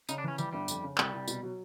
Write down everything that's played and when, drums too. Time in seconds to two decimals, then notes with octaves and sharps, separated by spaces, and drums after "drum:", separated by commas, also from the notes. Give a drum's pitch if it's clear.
0.09 C#3 D#4, drum: tambourine
0.18 D4
0.24 E3 C#4
0.38 E3 G3, drum: tambourine
0.53 G1 G3
0.68 F2, drum: tambourine
0.83 C#3
0.98 C2 G3, drum: clap
1.13 C2
1.28 B2, drum: tambourine
1.43 F#3